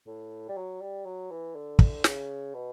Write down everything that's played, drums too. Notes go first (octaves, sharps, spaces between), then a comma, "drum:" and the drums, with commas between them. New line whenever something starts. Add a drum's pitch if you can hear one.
A2
G3
F#3
G3
F#3
E3
D3
drum: kick
C#3, drum: snare
B2